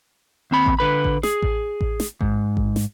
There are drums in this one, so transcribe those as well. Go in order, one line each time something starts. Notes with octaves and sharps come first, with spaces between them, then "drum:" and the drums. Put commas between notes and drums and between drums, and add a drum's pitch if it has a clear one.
D#2 C4 B5
drum: kick A1
D3 B4 B5
drum: kick A1
G#4, drum: snare
drum: kick A1
drum: kick A1
drum: snare
G#2, drum: kick A1
drum: kick A1
drum: snare